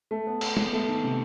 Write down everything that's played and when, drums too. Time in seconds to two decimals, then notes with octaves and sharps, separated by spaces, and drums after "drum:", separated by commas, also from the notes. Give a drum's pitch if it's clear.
0.11 A3
0.27 B3
0.41 B3, drum: cymbal
0.57 B3, drum: tom
0.73 A3
0.88 D#3
1.04 C3